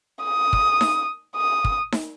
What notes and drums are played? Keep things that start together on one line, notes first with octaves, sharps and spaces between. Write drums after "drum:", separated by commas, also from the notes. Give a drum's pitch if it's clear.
D#6
drum: kick
drum: snare D#4
D#6
drum: kick
drum: snare D#4